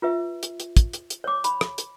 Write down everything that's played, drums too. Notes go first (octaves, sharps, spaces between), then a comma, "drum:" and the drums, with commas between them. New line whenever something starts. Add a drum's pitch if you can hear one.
F4 B4 E5
drum: hi-hat
drum: hi-hat
drum: kick, hi-hat
drum: hi-hat
drum: hi-hat
C#5 D6
B5, drum: hi-hat
drum: rim click
drum: hi-hat